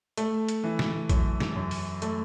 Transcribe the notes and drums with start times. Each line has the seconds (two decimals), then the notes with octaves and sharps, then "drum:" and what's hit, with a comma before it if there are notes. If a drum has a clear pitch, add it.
0.17 A3, drum: hi-hat
0.49 drum: hi-hat
0.64 E3
0.79 drum: snare
1.09 F#2, drum: kick A#1, hi-hat
1.40 drum: snare
1.56 F#2
1.71 drum: open hi-hat
2.02 A3, drum: hi-hat